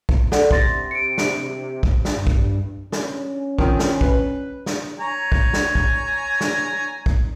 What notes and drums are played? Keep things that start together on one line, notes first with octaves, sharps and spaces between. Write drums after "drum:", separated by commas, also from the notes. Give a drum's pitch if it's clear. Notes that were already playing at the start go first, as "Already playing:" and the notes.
drum: kick
A4 D5 F#5, drum: snare
C3 C6 A6 A#6, drum: kick
C#7 D7
drum: snare
drum: kick
drum: snare
G2
drum: kick
C#4, drum: snare
D#3 F3 C4, drum: kick
drum: snare
B4, drum: kick
drum: snare
C#5 G#5 A#5
drum: kick
drum: snare
drum: kick
drum: snare
drum: kick